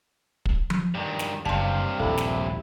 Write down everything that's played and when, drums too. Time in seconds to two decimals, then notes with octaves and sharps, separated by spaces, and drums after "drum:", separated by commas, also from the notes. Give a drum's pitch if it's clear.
0.45 drum: kick
0.70 drum: tom F3
0.95 G2 D#3
1.19 drum: snare
1.45 F#1 G2 C3 F5 A5 C6
2.00 D#1 A#1 E4 A4
2.17 drum: snare